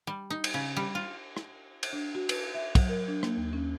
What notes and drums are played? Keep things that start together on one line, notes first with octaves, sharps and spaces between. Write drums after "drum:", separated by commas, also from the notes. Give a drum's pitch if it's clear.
G3
D#4
drum: cymbal
C#3
G3
F4
drum: rim click
drum: cymbal
D4
F#4
B4, drum: cymbal
E5
F#3, drum: kick, cymbal
A#4
D4
A#3, drum: rim click
D#2
C#4